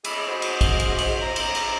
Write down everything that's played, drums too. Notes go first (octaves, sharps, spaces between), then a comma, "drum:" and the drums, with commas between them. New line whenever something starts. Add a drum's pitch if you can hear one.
G#4 A4 D#5 B5, drum: cymbal
F#4 C5 D#5 F#5
drum: cymbal
drum: kick, cymbal
drum: cymbal
drum: cymbal
A#5
drum: cymbal
drum: cymbal